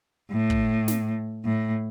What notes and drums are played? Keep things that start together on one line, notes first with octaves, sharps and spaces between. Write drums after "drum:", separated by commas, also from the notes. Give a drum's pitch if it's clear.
A2
drum: kick
drum: snare
A2